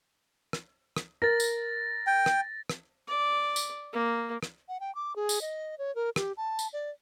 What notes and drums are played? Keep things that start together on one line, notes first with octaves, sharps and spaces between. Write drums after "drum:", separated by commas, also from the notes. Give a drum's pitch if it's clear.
drum: rim click
drum: rim click
A#4 A6 A#6
drum: tambourine
G5
drum: rim click
drum: rim click
D5
drum: tambourine
A#3
drum: rim click
F#5
G5
D6
G#4
drum: tambourine
D#5
C#5
A#4
G4, drum: rim click
A5
drum: tambourine
D5